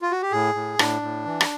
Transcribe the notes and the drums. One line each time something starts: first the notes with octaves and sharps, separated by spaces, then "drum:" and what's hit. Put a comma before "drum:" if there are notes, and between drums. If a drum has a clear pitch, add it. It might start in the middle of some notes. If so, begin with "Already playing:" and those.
F4
F#4
G4
A2 G#4
A2
A2 D4, drum: rim click
A2
E3
drum: rim click